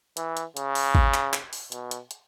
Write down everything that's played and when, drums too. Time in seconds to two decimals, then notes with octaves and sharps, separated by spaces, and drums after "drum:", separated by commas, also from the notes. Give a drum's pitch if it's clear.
0.17 E3, drum: hi-hat
0.37 drum: hi-hat
0.57 C#3, drum: hi-hat
0.75 drum: open hi-hat
0.95 drum: kick G#1
1.14 drum: clap
1.33 drum: clap
1.53 drum: open hi-hat
1.72 B2, drum: hi-hat
1.91 drum: hi-hat
2.11 drum: hi-hat